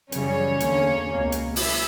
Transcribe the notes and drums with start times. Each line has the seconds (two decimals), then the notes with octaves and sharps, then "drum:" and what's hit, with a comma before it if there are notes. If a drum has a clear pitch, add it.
0.12 F#2 C#3 E3 G3 C#4 C#5, drum: hi-hat
0.60 E2 D3 A#3, drum: hi-hat
1.09 C#2 B2 A#3
1.32 drum: hi-hat
1.56 F#3 E4 E5, drum: open hi-hat